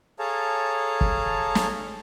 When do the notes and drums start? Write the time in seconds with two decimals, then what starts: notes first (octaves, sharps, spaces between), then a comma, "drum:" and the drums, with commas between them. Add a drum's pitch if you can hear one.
0.19 G#4 A4 C#5 F5 A5 A#5
1.01 drum: kick
1.55 drum: snare